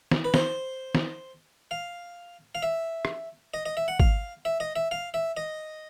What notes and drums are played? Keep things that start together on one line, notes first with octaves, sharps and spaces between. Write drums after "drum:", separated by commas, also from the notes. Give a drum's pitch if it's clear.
drum: snare
B4
C5, drum: snare
drum: snare
F5
F5
E5
drum: rim click
D#5
D#5
E5
F#5
F5, drum: kick G#1
E5
D#5
E5
F5
E5
D#5